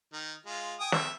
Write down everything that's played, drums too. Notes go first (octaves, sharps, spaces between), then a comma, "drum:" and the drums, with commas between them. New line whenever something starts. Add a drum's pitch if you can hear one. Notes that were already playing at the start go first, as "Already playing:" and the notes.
D#3
G#3 F4
G5 G#5 D#6
E5, drum: snare